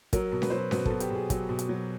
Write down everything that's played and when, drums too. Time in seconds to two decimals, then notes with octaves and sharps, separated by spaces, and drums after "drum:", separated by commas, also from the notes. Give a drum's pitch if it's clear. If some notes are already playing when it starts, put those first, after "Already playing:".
0.13 F#3 A#4, drum: kick, hi-hat
0.32 B2
0.42 B4, drum: snare C#4
0.50 F#3 C5
0.58 B4
0.71 B2 B4, drum: snare C#4
0.85 B2 A4, drum: kick
1.00 G4, drum: hi-hat
1.10 B2 G#4
1.30 F#3, drum: kick, hi-hat
1.49 B2
1.59 drum: hi-hat
1.69 F#3